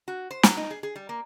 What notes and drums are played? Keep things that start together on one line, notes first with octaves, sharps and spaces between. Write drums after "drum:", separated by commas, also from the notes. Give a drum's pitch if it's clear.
F#4
C5
F#3, drum: snare
D#4
G#4
G#4
G3
A#3